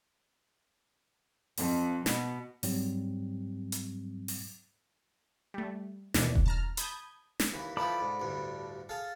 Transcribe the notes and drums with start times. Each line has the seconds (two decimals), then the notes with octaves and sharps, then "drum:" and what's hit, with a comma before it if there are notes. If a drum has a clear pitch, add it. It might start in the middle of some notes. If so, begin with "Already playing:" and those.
1.57 F2, drum: open hi-hat
2.06 B2, drum: snare
2.63 G#2 F#3 G3 C4, drum: open hi-hat
3.72 drum: hi-hat
4.28 drum: open hi-hat
5.54 G3 A3
6.14 D#2 B2 E3 D4, drum: snare
6.35 drum: kick E1
6.46 A5 A#5 F6
6.77 A5 B5 D#6 G6 G#6, drum: hi-hat
7.40 drum: snare
7.54 D#2 E3
7.77 E3 F3 C4 A4 D5 B5
8.00 G#2
8.20 A1 D2 G2
8.89 G#4 A4 F5